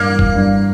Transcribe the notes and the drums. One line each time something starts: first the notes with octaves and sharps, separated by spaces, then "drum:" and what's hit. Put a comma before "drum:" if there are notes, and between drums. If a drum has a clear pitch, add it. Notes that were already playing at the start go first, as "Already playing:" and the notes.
Already playing: G2 A#3
E3
drum: kick F#1
G2